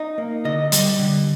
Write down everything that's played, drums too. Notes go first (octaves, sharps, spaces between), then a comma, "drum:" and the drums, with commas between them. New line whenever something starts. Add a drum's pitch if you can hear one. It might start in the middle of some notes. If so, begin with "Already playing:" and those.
Already playing: D#4 D#5
A#3
D3 D#5
G3, drum: hi-hat
D3